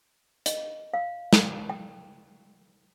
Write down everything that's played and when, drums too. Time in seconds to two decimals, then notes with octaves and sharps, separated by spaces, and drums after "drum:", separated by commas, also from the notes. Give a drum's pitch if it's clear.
0.46 D#5, drum: hi-hat
0.94 F5
1.33 drum: snare
1.70 G5